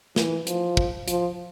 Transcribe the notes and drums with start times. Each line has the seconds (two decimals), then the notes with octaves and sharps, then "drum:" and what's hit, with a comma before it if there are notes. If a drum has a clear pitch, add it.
0.16 E3, drum: snare
0.47 F3, drum: hi-hat
0.77 drum: kick
1.08 F3, drum: hi-hat